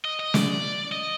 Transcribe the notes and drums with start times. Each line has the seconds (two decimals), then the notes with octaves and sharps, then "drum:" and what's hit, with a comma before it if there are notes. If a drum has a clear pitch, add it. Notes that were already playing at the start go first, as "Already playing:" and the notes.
0.05 D#5
0.19 D#5
0.34 D5, drum: snare
0.92 D#5